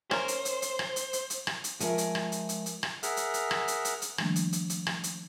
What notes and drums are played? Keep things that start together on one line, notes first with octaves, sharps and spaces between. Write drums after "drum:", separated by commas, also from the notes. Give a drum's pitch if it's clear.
C#4 A#4 C5, drum: rim click
drum: hi-hat
drum: hi-hat
drum: hi-hat
drum: rim click
drum: hi-hat
drum: hi-hat
drum: hi-hat
drum: rim click
drum: hi-hat
F3 G#3 G#4 A#4 C#5 E5, drum: hi-hat
drum: hi-hat
drum: rim click
drum: hi-hat
drum: hi-hat
drum: hi-hat
drum: rim click
G#4 A#4 E5 F#5 F6, drum: hi-hat
drum: hi-hat
drum: hi-hat
drum: rim click
drum: hi-hat
drum: hi-hat
drum: hi-hat
D#3 F3 G3 A3 A#3 D4, drum: rim click
drum: hi-hat
drum: hi-hat
drum: hi-hat
drum: rim click
drum: hi-hat